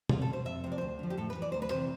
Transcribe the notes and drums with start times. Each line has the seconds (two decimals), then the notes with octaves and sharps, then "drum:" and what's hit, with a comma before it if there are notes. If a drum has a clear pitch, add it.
0.09 E2 F4, drum: tom B2
0.22 A4
0.28 B2 C5
0.45 F2 E5
0.64 C3 F3 C5
0.72 D5
0.78 D2 C5
0.99 D3 F3
1.10 G4
1.17 A2 A4
1.30 B4
1.35 E3
1.42 D5
1.52 D2 C5
1.62 B4
1.71 C3 E3 C5